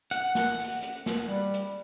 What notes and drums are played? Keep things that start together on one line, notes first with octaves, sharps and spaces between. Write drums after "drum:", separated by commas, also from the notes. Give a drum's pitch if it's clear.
F#5, drum: hi-hat
drum: snare
drum: open hi-hat
drum: hi-hat
drum: snare
G3
drum: hi-hat